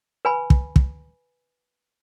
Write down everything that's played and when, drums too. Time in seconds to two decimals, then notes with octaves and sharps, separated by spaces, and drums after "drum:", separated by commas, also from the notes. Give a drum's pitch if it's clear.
0.25 B4 G#5 B5
0.50 drum: kick
0.76 drum: kick